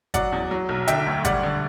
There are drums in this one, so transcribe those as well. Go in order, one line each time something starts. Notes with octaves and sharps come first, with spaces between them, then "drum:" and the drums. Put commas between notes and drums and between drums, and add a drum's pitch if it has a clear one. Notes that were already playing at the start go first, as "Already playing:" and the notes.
F#3 D5 F#5, drum: kick G1, hi-hat
E2
F#3
B1
D3 E5 G5, drum: hi-hat
D2
G3 D5 F#5, drum: kick G1, hi-hat
D3